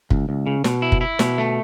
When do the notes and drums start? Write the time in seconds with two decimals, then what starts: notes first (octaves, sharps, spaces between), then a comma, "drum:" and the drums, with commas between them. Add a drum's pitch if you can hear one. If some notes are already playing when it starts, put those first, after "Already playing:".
0.10 C#2, drum: kick
0.29 C#2
0.47 C#3
0.64 B2, drum: snare
0.82 E4
0.92 drum: kick
1.01 E4
1.19 B2, drum: snare
1.38 A3